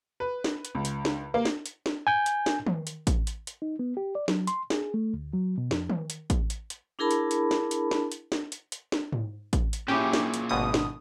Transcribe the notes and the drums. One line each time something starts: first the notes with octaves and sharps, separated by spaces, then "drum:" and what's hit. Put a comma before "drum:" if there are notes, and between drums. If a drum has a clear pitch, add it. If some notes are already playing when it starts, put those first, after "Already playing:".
B4
drum: snare
drum: hi-hat
C#2
drum: hi-hat
drum: snare
A#3
drum: snare
drum: hi-hat
drum: snare
G#5 G6
drum: hi-hat
drum: snare
drum: tom D#3
drum: hi-hat
drum: kick A1, hi-hat
drum: hi-hat
drum: hi-hat
D#4
B3
G4
D5
F#3, drum: snare
C6, drum: hi-hat
G#4, drum: snare
A3
D2
F#3
B2
F2, drum: snare
drum: tom D#3
drum: hi-hat
drum: kick A1, hi-hat
drum: hi-hat
drum: hi-hat
D4 E4 G#4 A#4 A5 B5
drum: hi-hat
drum: hi-hat
drum: snare
drum: hi-hat
drum: snare
drum: hi-hat
drum: snare
drum: hi-hat
drum: hi-hat
drum: snare
drum: tom G#2
drum: kick A1, hi-hat
drum: hi-hat
A#2 C#4 E4 G4 G#4
drum: snare
drum: hi-hat
G#1 B2 D#6
drum: snare